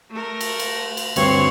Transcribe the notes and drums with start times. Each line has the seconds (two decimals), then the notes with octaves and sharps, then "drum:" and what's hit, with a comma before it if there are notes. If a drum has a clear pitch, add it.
0.11 A3 A#4
0.41 drum: cymbal
0.59 drum: cymbal
0.97 drum: cymbal
1.16 D2 G2 C4 C#5 C6, drum: cymbal